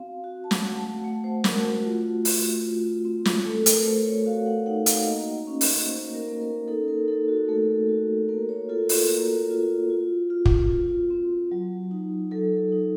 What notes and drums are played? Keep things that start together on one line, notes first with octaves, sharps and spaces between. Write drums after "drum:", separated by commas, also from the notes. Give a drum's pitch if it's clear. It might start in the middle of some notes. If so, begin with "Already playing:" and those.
Already playing: C4 F#4 F5
F#4
A5
F#5, drum: snare
A3
A5
A3 F#5
C5
A3 A#4, drum: snare
F#4
F4
A3, drum: open hi-hat
F4
C4
drum: snare
A3 A4
A#4, drum: hi-hat
A3 C5
C#5
F#4 F5
F#5
D#4 F#5
F5, drum: hi-hat
A#3 D#5
C#4
D#5, drum: open hi-hat
A#3 C5
A#4
A#3
A#4
D#4 A4
A#4
D#4 A4
F#4
A3 A4
F#4
A#3 A#4
C#5
F4 A4
A#4, drum: open hi-hat
A#3 F#4
F4
F4
F4
drum: kick
F4
C4
F#3
D#4
F#3 A4
D#4